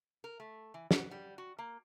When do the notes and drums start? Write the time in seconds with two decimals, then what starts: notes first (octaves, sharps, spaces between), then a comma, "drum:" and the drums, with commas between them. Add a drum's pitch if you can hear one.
0.24 A#4
0.40 A3
0.74 E3
0.91 F#5, drum: snare
1.11 G3
1.38 F#4
1.59 A#3